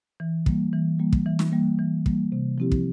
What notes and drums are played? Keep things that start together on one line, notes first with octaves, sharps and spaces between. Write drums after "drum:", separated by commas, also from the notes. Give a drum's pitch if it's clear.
E3
G3 A#3, drum: kick
E3
G3 A#3
drum: kick
E3
drum: snare
G3 A#3
E3
G3 A#3, drum: kick
C3
F3 C4 E4 G4
drum: kick